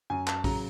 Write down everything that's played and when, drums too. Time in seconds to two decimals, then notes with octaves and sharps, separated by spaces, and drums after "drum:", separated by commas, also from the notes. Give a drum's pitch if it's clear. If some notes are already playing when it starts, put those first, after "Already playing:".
0.10 F#2 G#5
0.27 A5, drum: clap
0.44 C#3 F#3 A#5, drum: kick A#1, open hi-hat